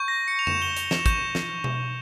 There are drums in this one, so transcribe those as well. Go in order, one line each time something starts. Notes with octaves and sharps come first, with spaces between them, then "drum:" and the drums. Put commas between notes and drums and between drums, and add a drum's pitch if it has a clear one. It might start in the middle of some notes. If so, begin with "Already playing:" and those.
Already playing: C#6 G6
A#6
C#7
F7
E7, drum: tom F2
G7
F7, drum: hi-hat
E7, drum: snare
C#6 G6 E7, drum: kick, hi-hat
drum: snare
drum: tom B2